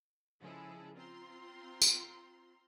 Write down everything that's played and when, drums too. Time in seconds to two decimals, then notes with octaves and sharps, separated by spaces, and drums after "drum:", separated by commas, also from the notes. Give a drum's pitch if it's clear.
0.41 C#3 F3 G#3 E4 G#4 A4
0.94 C4 F4 A#5 C6
1.82 drum: tambourine